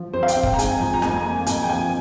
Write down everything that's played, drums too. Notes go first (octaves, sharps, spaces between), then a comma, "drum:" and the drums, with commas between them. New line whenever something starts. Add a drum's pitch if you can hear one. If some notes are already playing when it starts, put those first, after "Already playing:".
Already playing: F3
C4 C5
F5
G5, drum: hi-hat
C4
G5, drum: kick
A#5
G#2 G#5, drum: hi-hat
F3
A#5
F2 G#5, drum: snare
A#3
F2 G#5, drum: hi-hat
G5
F3 G#5